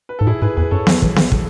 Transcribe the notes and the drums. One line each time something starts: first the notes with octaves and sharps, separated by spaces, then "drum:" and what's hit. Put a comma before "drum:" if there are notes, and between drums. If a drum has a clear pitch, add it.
B4
G#2 A4
A2 E4 G#4
G#2 G#4 B4
E2 G#4 B4
F#2 A4 C#5
E3, drum: snare B3
E3, drum: kick
D#3, drum: snare B3
drum: kick